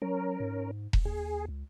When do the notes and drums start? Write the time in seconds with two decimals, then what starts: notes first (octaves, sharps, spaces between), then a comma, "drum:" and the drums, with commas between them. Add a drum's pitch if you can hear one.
0.02 F#3 C#4 A#4
0.40 G#2
0.93 drum: kick E1
1.05 D#2 G#4
1.48 C#2